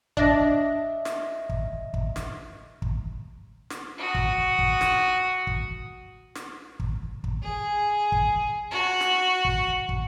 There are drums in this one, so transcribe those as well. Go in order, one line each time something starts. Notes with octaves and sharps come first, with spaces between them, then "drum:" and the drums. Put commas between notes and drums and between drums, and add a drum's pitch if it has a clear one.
D4 D#5 E5 A#6, drum: kick
drum: snare
drum: kick
drum: kick
drum: snare
drum: kick
drum: snare
F#4 D#6
drum: kick
drum: kick
drum: snare
drum: kick
drum: snare
drum: kick
drum: kick
G#4
drum: kick
F#4
drum: snare
drum: kick
drum: kick